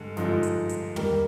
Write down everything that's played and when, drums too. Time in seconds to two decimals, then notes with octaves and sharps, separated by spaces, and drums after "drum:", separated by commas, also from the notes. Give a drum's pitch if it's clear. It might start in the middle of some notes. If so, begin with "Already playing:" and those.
Already playing: G2 D3 G#3
0.17 G2 D3 F3 G#3 D#4, drum: snare
0.43 drum: hi-hat
0.69 drum: hi-hat
0.96 D#3 G3 A#3, drum: tom